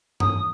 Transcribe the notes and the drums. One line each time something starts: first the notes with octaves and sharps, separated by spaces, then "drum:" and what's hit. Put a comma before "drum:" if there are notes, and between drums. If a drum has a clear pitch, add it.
D#6, drum: tom G2